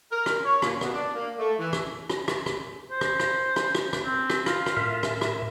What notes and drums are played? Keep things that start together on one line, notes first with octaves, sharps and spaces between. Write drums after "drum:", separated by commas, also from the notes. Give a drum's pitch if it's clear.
A#4
drum: rim click
C#5
A#2, drum: rim click
B2, drum: rim click
D4
A#3
A3
E3
drum: rim click
drum: rim click
drum: rim click
drum: rim click
C5
drum: rim click
drum: rim click
drum: rim click
drum: rim click
drum: rim click
C4
drum: rim click
F4, drum: rim click
drum: rim click
A2 A#4 E5
drum: rim click
drum: rim click